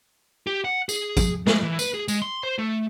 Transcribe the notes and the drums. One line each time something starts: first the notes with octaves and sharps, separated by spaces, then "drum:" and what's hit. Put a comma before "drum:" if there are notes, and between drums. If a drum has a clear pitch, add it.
G4
F#5
G#4, drum: tambourine
drum: kick, tambourine
G#3, drum: snare
E3
B4, drum: tambourine
G#4
G#3, drum: tambourine
C6
C5
A3